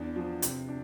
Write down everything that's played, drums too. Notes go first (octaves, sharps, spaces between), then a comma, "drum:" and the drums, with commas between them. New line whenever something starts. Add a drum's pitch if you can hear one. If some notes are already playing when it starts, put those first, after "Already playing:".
Already playing: E2 D4
F3
C3, drum: hi-hat
D4